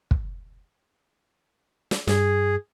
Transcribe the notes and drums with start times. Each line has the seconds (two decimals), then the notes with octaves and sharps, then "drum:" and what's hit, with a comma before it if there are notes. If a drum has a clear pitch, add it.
0.11 drum: kick
1.91 drum: snare
2.07 G2 G#4, drum: snare